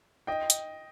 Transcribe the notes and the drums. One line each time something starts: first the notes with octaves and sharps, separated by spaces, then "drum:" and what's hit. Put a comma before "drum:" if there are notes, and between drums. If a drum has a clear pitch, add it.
D#5 G5
drum: hi-hat